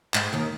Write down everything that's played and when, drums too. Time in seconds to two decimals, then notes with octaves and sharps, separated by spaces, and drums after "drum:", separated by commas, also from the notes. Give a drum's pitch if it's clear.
0.14 G#2, drum: clap
0.33 D#2 D#3